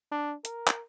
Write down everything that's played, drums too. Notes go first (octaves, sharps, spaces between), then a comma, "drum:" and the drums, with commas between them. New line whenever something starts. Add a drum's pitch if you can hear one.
D4
A#4, drum: hi-hat
drum: clap